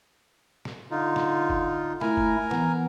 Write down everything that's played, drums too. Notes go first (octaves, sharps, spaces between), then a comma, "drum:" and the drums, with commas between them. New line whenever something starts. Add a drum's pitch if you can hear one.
drum: snare
D3 D#4 F4
drum: snare
drum: kick F#1
A3 E4 A#4 G#5 A#5, drum: snare
drum: kick F#1
E3 B3, drum: snare